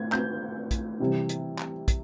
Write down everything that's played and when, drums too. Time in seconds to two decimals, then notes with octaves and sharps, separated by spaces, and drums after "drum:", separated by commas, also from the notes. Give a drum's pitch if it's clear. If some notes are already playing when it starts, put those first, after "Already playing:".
Already playing: A2 G#6
0.12 G6, drum: clap
0.71 drum: kick, hi-hat
1.00 C3 E3 G3
1.29 drum: hi-hat
1.59 drum: clap
1.88 drum: kick, hi-hat